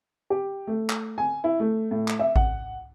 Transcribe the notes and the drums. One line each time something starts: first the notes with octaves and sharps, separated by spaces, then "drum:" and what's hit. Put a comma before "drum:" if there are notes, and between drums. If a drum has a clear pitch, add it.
G4
A3
drum: clap
G#5
E4
A3
A2
drum: clap
E5
F#5, drum: kick A1